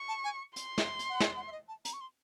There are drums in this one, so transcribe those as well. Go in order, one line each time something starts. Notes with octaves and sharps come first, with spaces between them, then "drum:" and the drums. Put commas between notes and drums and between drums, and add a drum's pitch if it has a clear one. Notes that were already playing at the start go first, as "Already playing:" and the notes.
Already playing: C#6
A5
G#5
C6, drum: hi-hat
drum: snare
drum: hi-hat
F#5
G5, drum: snare
F#5
E5
D#5
A5
A#5, drum: hi-hat
C#6
C6